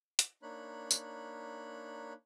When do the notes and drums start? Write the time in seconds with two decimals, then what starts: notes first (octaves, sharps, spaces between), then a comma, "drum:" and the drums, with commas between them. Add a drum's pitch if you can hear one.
0.19 drum: hi-hat
0.43 A#3 D4 D#4 C#5 B5 F#6
0.91 drum: tambourine